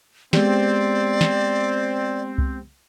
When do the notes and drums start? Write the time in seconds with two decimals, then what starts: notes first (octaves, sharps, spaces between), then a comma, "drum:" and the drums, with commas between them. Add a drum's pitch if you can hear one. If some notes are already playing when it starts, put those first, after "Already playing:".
0.33 G#3 B3 C4 G4 D5, drum: snare
1.21 drum: snare
2.38 drum: kick C2